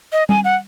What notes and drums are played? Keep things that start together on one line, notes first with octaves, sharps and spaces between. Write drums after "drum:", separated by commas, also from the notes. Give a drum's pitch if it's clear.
D#5
G#5, drum: tom G3
F#5